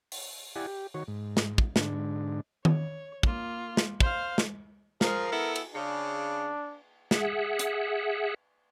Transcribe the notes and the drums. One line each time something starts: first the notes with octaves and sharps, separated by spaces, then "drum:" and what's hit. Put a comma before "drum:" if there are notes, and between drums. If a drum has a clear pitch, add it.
drum: open hi-hat
E4 G4 D5 F#5 G#5
G4
D#3 F#4 C#5
G#2
drum: snare
drum: kick
G#2 D3 D4, drum: snare
C#5, drum: tom D#3
A#3 F4, drum: kick
drum: snare
C5 F5, drum: kick
drum: snare
F3 G#4 A#4, drum: snare
B3 E4 A4
drum: cymbal
C#3 D4
G#4 E5 F#5, drum: snare
drum: hi-hat